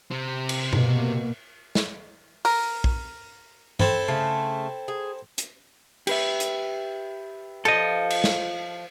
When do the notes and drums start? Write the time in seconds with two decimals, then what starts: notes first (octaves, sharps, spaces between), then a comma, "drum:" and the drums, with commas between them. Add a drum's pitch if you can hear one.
0.11 C3 C4
0.49 drum: cymbal
0.73 B2 A#3, drum: tom G2
1.75 drum: snare
2.45 A#4, drum: open hi-hat
2.84 drum: kick A#1
3.80 C4 E4 A4, drum: tom G2
4.08 C#3 A3
4.88 G#4
5.38 drum: hi-hat
6.07 G4 B4 E5, drum: cymbal
6.40 drum: hi-hat
7.65 F3 A4 D#5
8.10 drum: cymbal
8.24 drum: snare